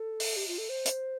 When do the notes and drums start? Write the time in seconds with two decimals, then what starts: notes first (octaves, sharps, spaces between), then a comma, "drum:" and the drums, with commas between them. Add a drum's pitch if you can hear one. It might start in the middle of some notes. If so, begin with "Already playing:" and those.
Already playing: A4
0.20 drum: open hi-hat
0.36 G4
0.48 F4
0.58 A4
0.69 C5
0.86 drum: hi-hat